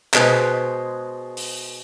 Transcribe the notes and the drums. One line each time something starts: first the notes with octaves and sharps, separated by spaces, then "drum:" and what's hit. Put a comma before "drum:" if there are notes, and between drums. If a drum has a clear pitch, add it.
B2 G#3 B4 C5, drum: clap
drum: open hi-hat